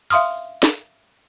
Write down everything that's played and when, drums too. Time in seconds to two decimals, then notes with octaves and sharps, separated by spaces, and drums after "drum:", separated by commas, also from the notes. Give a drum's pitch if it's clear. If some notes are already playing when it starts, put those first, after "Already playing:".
0.10 E5 F5 C6 D#6 F6, drum: open hi-hat
0.63 drum: snare